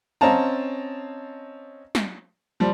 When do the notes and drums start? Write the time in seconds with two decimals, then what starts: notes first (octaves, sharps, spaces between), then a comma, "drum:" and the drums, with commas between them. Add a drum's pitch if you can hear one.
0.21 C4 C#4 D#5 F5 A5 A#5, drum: tom
1.95 drum: snare
2.60 F3 G3